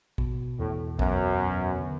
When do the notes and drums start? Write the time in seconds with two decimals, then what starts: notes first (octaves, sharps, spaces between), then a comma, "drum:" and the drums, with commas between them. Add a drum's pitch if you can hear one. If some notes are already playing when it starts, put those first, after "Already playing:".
0.18 B2, drum: kick A1
0.58 E2 A2
0.99 F#2 B3, drum: kick A1
1.41 B3
1.80 D3